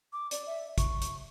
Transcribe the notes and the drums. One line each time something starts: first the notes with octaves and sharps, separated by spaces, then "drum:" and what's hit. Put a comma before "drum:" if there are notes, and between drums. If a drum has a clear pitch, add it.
D6
D5, drum: hi-hat
E5
C#6, drum: kick, hi-hat
drum: hi-hat